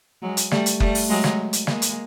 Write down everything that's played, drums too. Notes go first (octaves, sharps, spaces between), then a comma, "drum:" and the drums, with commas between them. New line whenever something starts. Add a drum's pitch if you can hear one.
F#3 G#3
drum: hi-hat
G3 A3, drum: snare
drum: hi-hat
G3 A3, drum: kick F#1
drum: open hi-hat
F#3 G#3
drum: snare
drum: hi-hat
G#3 A#3, drum: snare
drum: hi-hat